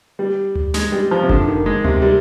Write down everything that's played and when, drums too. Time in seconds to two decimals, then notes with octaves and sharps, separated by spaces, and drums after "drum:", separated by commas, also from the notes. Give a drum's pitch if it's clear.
0.19 G3
0.55 drum: tom D2
0.74 G#3, drum: snare
0.92 G3
1.11 F3
1.23 C3
1.29 D3, drum: kick F#1
1.48 D#3
1.66 G#3
1.84 C3, drum: tom D2
2.02 G3